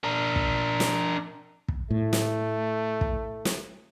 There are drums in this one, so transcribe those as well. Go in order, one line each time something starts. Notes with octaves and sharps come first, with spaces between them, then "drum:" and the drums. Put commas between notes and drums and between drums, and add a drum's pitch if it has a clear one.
D4 A#4
drum: kick
drum: snare
drum: kick
A2 A3
drum: snare
drum: kick
drum: snare